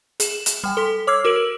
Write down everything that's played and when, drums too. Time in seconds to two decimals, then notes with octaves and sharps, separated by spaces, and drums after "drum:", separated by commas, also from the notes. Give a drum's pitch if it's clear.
0.20 G#4 E7, drum: hi-hat
0.46 drum: hi-hat
0.64 G3 G5 G#5
0.77 A4 C6 B6
1.07 C#5 D6 E6 F6 G#6 C7
1.25 F#4 A#4 E6 D7 F#7